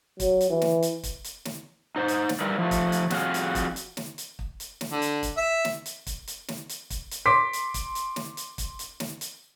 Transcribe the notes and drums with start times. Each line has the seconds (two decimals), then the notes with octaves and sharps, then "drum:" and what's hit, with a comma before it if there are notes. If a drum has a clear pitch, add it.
0.20 F#3, drum: kick, hi-hat
0.41 drum: hi-hat
0.50 E3
0.62 drum: snare
0.82 drum: hi-hat
1.03 drum: kick, hi-hat
1.24 drum: hi-hat
1.45 drum: snare
1.96 D#4 C5
2.08 drum: hi-hat
2.29 drum: snare
2.41 G3 E4 A#4 B4
2.58 F3 A3
2.71 drum: kick, hi-hat
2.92 drum: hi-hat
3.10 F2 F#4 G#4 F5, drum: snare
3.34 drum: hi-hat
3.55 drum: kick, hi-hat
3.76 drum: hi-hat
3.97 drum: snare
4.18 drum: hi-hat
4.39 drum: kick
4.60 drum: hi-hat
4.81 drum: snare
4.92 D3
5.02 drum: hi-hat
5.23 drum: kick, hi-hat
5.37 E5
5.65 drum: snare
5.86 drum: hi-hat
6.07 drum: kick, hi-hat
6.27 drum: hi-hat
6.48 drum: snare
6.69 drum: hi-hat
6.90 drum: kick, hi-hat
7.11 drum: hi-hat
7.26 C6 D6 B6
7.53 drum: hi-hat
7.74 drum: kick, hi-hat
7.95 drum: hi-hat
8.16 drum: snare
8.37 drum: hi-hat
8.58 drum: kick, hi-hat
8.79 drum: hi-hat
9.00 drum: snare
9.21 drum: hi-hat